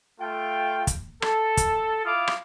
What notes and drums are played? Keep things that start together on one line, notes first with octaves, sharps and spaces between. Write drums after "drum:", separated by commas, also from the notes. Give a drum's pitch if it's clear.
A3 F4 G5
drum: kick, hi-hat
A4, drum: rim click
drum: kick, hi-hat
E4 F4 F5 B5 D6 D#6
drum: rim click